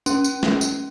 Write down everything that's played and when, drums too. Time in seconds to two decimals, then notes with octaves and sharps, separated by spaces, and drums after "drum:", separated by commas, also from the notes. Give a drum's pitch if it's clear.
0.06 C#4, drum: tambourine
0.24 drum: tambourine
0.43 drum: snare
0.61 drum: tambourine